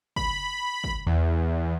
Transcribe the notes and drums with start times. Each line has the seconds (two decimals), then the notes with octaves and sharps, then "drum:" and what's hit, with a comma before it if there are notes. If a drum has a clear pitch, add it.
0.16 B5, drum: kick
0.84 drum: kick
1.06 E2